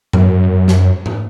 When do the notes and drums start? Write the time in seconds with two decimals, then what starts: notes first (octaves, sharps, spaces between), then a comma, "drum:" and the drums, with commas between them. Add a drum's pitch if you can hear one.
0.13 F#2, drum: tom G2
0.68 drum: snare
1.06 drum: tom G#2